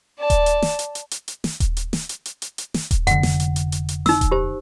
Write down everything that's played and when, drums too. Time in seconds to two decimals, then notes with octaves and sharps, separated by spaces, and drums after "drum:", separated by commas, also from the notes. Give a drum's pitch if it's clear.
0.19 D5 A5
0.30 drum: kick D#1, hi-hat
0.46 drum: hi-hat
0.62 drum: snare
0.79 drum: hi-hat
0.95 drum: hi-hat
1.11 drum: hi-hat
1.28 drum: hi-hat
1.44 drum: snare
1.60 drum: kick D#1, hi-hat
1.77 drum: hi-hat
1.93 drum: snare
2.09 drum: hi-hat
2.25 drum: hi-hat
2.42 drum: hi-hat
2.58 drum: hi-hat
2.74 drum: snare
2.91 drum: kick D#1, hi-hat
3.07 F1 D3 F#5, drum: hi-hat
3.23 drum: snare
3.40 drum: hi-hat
3.56 drum: hi-hat
3.72 drum: hi-hat
3.88 drum: hi-hat
4.06 D#4 E6, drum: snare
4.21 drum: kick D#1, hi-hat
4.31 G4 C5